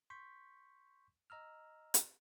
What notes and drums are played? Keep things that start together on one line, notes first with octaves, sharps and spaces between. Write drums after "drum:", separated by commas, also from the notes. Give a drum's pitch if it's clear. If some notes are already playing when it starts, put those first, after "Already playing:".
C6 C#6 G6 B6
D#5 A#5 E6 F6
drum: hi-hat